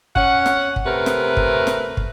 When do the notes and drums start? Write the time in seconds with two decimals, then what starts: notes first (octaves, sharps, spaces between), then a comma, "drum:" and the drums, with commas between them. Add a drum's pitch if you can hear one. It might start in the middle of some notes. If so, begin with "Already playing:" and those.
0.16 C#4 F#5, drum: kick
0.46 drum: snare
0.76 drum: kick
0.86 C3 A3 A#4 B4
1.06 drum: snare
1.37 drum: kick
1.67 drum: snare
1.97 drum: kick